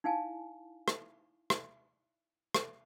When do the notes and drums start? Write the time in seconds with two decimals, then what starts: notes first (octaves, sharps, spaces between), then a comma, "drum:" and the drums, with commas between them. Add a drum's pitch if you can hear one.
0.04 D#4 E4 F5 G#5 A5
0.88 drum: rim click
1.50 drum: rim click
2.54 drum: rim click